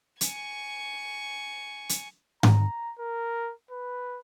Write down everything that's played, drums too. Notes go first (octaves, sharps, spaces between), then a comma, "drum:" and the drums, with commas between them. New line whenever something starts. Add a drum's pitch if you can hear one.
G#5 C#6, drum: hi-hat
drum: hi-hat
A#5, drum: tom G#2
A#4
B4